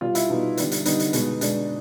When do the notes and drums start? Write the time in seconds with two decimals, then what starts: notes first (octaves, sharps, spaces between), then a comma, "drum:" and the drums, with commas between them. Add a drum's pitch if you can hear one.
0.01 B2 G3 B3 F4
0.15 E4, drum: hi-hat
0.29 B2 G3 B3 D#4
0.57 D3 G3 B3, drum: hi-hat
0.72 drum: hi-hat
0.85 D3 G3 B3 D#4, drum: hi-hat
1.00 drum: hi-hat
1.13 B2 G#3 B3, drum: hi-hat
1.41 B2 G#3 B3 D4, drum: hi-hat